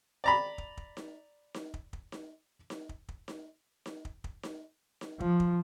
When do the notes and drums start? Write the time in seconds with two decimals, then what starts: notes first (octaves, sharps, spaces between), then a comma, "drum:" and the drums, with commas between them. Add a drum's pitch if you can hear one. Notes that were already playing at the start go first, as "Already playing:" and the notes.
0.24 D5 A#5 B5
0.58 drum: kick
0.77 drum: kick
0.97 drum: snare D#4
1.54 drum: snare D#4
1.74 drum: kick
1.93 drum: kick
2.12 drum: snare D#4
2.70 drum: snare D#4
2.89 drum: kick
3.09 drum: kick
3.28 drum: snare D#4
3.86 drum: snare D#4
4.05 drum: kick
4.24 drum: kick
4.43 drum: snare D#4
5.01 drum: snare D#4
5.20 F3, drum: kick
5.40 drum: kick